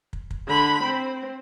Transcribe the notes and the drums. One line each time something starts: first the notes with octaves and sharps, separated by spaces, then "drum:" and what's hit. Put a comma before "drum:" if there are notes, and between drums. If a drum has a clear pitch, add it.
drum: kick
drum: kick
D3 B5
C4